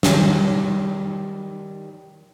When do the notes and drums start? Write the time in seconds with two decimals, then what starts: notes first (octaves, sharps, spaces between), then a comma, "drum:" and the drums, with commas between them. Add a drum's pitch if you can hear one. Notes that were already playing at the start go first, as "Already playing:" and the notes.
0.03 D#3 G3, drum: snare